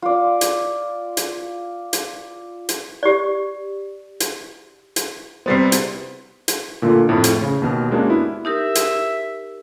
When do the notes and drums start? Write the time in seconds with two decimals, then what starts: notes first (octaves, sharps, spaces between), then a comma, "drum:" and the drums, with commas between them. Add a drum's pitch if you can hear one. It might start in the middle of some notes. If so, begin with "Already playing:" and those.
0.02 F4 D5
0.41 drum: hi-hat
1.17 drum: hi-hat
1.93 drum: hi-hat
2.69 drum: hi-hat
3.03 G4 D5
4.20 drum: hi-hat
4.96 drum: hi-hat
5.46 C3 G3 B3 C4 A6 C7
5.72 drum: hi-hat
6.48 drum: hi-hat
6.82 A#2 D3 A3 A#3 F4
7.09 F2 A2
7.24 drum: hi-hat
7.42 C#3
7.62 D#2 B2 F6
7.91 G#3 A#3 C#4 D4 F#4 G4
8.08 B3 E4
8.45 D#4 G4 A#4 E5
8.75 drum: hi-hat